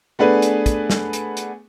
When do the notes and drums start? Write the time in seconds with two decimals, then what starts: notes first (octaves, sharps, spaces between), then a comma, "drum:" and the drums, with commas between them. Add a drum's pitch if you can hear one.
0.19 A3 B3 D4 G#4 B4 G#5
0.42 drum: hi-hat
0.66 drum: kick, hi-hat
0.90 drum: snare
1.13 drum: hi-hat
1.37 drum: hi-hat